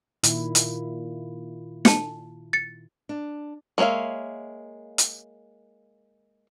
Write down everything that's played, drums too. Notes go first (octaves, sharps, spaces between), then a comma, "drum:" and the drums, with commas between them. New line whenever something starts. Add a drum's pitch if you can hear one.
A#2 D#3 E4, drum: hi-hat
drum: hi-hat
A5 C#7, drum: snare
A6 C#7
D4
G#3 A#3 C#5 E5 F5
drum: hi-hat